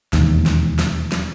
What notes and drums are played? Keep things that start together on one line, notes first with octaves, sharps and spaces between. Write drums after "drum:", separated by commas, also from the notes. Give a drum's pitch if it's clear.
E1 D#2, drum: snare
drum: snare
drum: snare
drum: snare